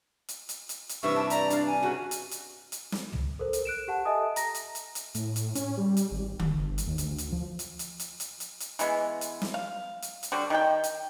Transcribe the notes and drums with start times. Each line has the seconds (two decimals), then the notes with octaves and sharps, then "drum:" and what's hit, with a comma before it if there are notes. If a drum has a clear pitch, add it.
0.29 drum: hi-hat
0.49 drum: hi-hat
0.69 drum: hi-hat
0.89 drum: hi-hat
1.03 G2 C3 E3 E5 C#6
1.16 G4 A5
1.30 D5 A#5, drum: hi-hat
1.50 D4 F5 A5, drum: hi-hat
1.66 G#5
1.83 C#3 F#4
2.11 drum: hi-hat
2.31 drum: hi-hat
2.72 drum: hi-hat
2.92 drum: snare
3.13 drum: tom
3.39 A4 A#4 C5
3.53 drum: hi-hat
3.65 F#6 D7 E7
3.88 G4 F#5 A5
4.05 A4 D#5 E5 G#5 A5 D#6
4.36 A#5 A#6, drum: hi-hat
4.55 drum: hi-hat
4.75 drum: hi-hat
4.95 drum: hi-hat
5.15 A2, drum: hi-hat
5.36 drum: hi-hat
5.55 C#4, drum: hi-hat
5.77 G3
5.97 drum: hi-hat
6.11 G#1
6.39 D1, drum: tom D3
6.54 G1
6.78 drum: hi-hat
6.87 D#2
6.98 D2, drum: hi-hat
7.18 drum: hi-hat
7.32 F3
7.59 drum: hi-hat
7.79 drum: hi-hat
8.00 drum: hi-hat
8.20 drum: hi-hat
8.40 drum: hi-hat
8.60 drum: hi-hat
8.79 E3 G#3 B3, drum: hi-hat
9.21 drum: hi-hat
9.42 drum: snare
9.54 F5
10.02 drum: hi-hat
10.23 drum: hi-hat
10.32 D3 G3 F#4
10.50 D#3 G4 G5
10.84 drum: hi-hat